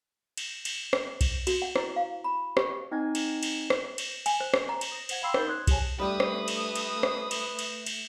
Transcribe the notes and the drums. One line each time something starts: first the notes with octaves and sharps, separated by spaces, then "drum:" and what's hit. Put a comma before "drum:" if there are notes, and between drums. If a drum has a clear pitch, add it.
drum: cymbal
drum: cymbal
drum: rim click
drum: kick B1, cymbal
F#4, drum: cymbal
F#5
E4, drum: rim click
F5
B5
G4, drum: rim click
C4 D#4 D#5 G#5 G#6
drum: cymbal
drum: cymbal
drum: rim click
drum: cymbal
G#5, drum: cymbal
C5
G4, drum: rim click
A#5
drum: cymbal
D#6 A#6
C5 F#5 G#6, drum: cymbal
F5 G5 B5 C6 E6 C7
D#4 A#4 G6 A6 G7, drum: rim click
C6 D#6 F#6 G#6
G4 G#4 C#5 G#5 A5, drum: kick B1, cymbal
G3 A3 D4 G4 B4 D#6
drum: rim click
drum: cymbal
drum: cymbal
drum: rim click
drum: cymbal
drum: cymbal
drum: cymbal